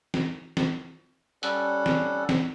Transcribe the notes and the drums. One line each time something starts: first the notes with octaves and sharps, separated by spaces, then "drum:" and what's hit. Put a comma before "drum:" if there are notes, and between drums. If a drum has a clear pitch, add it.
drum: snare
drum: snare
G3 C#4 A4 F#5, drum: hi-hat
drum: snare
drum: snare